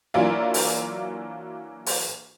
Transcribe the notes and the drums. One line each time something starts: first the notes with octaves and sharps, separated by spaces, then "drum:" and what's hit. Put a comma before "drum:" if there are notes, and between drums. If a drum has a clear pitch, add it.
E3 F#3 A#3 D4 E4 F4
drum: open hi-hat
drum: open hi-hat